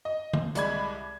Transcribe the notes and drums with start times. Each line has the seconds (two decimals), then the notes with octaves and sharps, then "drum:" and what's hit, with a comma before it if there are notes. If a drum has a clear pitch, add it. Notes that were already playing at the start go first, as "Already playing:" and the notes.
0.05 D#5
0.33 drum: tom D3
0.55 C2 G#3 D5 B5 G#6, drum: hi-hat